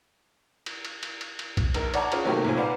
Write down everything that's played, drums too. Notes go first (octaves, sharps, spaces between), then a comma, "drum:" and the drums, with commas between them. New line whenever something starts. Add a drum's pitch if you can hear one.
drum: cymbal
drum: cymbal
drum: cymbal
drum: cymbal
drum: cymbal
drum: kick B1, cymbal
A#1 A#4, drum: cymbal
C#5 D5 F#5 A5 A#5, drum: cymbal
C#4 F4 G#4, drum: cymbal
C3 D#3 F#3 A3 A#3 G4
B1 A#2 C4 F4 C#5 G#5
B4 C5 D5 F5 F#5 A#5